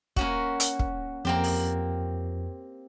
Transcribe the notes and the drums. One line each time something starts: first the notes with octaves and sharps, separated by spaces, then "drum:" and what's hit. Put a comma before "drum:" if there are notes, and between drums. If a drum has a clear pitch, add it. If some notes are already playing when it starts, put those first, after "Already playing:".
A#3 C#4 F#4, drum: kick
drum: hi-hat
drum: kick
F2 A#3 C4 G4
drum: open hi-hat